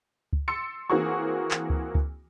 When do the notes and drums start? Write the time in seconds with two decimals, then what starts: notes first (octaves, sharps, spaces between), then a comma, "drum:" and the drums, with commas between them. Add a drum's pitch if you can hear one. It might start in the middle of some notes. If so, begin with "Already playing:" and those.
0.33 drum: kick C#2
0.48 C6 E6 A6 C#7
0.90 E3 A#3 C4 F#4 G#4 C#6
1.51 drum: clap
1.70 drum: kick C#2
1.95 drum: kick C#2